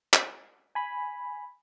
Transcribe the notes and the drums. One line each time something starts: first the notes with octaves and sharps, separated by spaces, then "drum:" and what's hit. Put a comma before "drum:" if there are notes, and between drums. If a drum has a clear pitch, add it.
drum: clap
G#5 B5